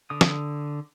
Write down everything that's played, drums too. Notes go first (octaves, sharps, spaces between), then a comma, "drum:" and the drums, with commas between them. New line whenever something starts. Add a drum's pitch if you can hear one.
D3 D#6
drum: snare